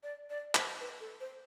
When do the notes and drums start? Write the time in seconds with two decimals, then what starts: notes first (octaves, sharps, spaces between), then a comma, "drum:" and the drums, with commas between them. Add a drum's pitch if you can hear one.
0.03 D5
0.30 D5
0.55 C5, drum: clap
0.80 B4
1.00 A4
1.20 C5